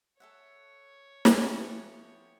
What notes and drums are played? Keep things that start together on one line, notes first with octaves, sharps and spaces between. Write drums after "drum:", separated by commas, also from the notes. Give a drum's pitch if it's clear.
A4 C#5 E5 F#5
F3 B3 E4 G4 A4 B4 G5 G#5, drum: snare